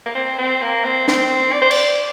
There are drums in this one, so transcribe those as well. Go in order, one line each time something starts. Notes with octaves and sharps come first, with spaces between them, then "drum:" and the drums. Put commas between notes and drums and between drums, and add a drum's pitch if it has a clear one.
A#3
C4
C4
A#3
C4
C4, drum: snare
D5
C5
D5, drum: cymbal